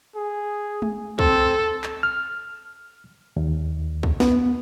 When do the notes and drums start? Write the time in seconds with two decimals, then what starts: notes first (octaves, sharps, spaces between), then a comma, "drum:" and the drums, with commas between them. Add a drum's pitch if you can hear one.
0.16 G#4
0.82 drum: tom G#3
1.19 C4 A4, drum: kick
1.84 drum: clap
2.03 F6
3.37 D#2
4.03 drum: kick
4.20 B3, drum: snare